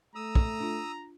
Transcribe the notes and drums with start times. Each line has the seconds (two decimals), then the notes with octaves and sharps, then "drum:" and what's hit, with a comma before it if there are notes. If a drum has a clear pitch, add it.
0.15 A3 A#5 D#6 E6
0.35 drum: kick
0.60 D4 F4